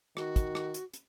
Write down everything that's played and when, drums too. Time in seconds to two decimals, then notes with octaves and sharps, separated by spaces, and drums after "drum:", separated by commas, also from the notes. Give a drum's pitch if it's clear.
0.17 D#3 F#4, drum: rim click
0.36 drum: kick, hi-hat
0.55 drum: rim click
0.74 drum: hi-hat
0.94 drum: hi-hat